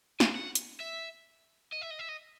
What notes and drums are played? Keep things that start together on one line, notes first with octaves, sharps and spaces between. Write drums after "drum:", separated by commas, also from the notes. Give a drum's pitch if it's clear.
G#5, drum: snare
F#5
drum: hi-hat
E5
D#5
E5
D#5
E5
D#5